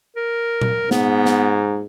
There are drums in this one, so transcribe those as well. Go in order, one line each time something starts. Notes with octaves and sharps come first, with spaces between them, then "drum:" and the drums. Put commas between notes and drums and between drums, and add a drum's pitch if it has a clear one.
A#4
drum: tom A#2
G#2 B3, drum: snare
drum: snare